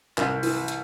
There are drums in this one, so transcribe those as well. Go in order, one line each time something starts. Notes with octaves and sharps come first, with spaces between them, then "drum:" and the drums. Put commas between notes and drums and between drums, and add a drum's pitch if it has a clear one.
C2, drum: clap
E3, drum: open hi-hat
drum: hi-hat